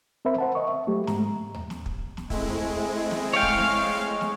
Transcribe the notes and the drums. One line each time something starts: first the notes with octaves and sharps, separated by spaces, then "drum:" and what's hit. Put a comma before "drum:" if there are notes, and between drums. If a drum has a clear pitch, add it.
C4 A#4 C5 E5 B5
C5 F#5 A5
D#5 C#6
E5
F#3 A3 G4
G#2 G#3 A#5, drum: snare
drum: tom D#2
drum: snare
drum: kick
drum: snare
G#3 A3 C4 E4, drum: kick
drum: tom D#2
drum: snare
C#5 F5 G5
drum: kick
drum: snare
drum: snare